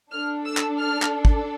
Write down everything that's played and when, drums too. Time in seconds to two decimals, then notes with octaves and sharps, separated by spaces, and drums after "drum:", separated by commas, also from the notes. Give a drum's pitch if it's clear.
0.12 D4 A4 F6
0.46 E6
0.57 drum: clap
0.79 F6
1.02 drum: clap
1.25 drum: kick